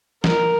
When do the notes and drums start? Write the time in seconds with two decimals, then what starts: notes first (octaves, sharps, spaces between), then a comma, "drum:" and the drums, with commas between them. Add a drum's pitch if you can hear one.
0.24 A#4, drum: snare